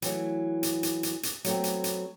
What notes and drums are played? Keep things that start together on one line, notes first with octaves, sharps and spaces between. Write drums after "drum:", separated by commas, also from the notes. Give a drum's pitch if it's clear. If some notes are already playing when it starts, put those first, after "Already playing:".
E3 F#3 A3, drum: hi-hat
drum: hi-hat
drum: hi-hat
drum: hi-hat
drum: hi-hat
F#3 A3 B3 C4, drum: hi-hat
drum: hi-hat
drum: hi-hat